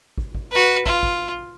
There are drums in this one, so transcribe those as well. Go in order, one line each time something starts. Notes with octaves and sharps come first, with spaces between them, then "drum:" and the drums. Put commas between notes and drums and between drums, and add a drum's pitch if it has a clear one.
drum: kick
drum: kick
F#4 B4
F4, drum: kick
drum: kick